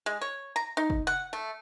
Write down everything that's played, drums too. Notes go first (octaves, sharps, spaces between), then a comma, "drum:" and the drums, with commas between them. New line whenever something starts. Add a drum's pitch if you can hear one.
G#3
C#5
A#5
D#4
drum: kick
F#5
A3